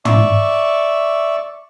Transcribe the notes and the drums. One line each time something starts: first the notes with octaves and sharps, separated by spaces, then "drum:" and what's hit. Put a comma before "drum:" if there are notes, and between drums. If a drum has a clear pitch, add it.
D5 E5 C#6, drum: tom